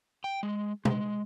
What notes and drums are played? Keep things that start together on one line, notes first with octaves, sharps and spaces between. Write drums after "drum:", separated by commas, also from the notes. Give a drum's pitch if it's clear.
G5
G#3
G#3, drum: tom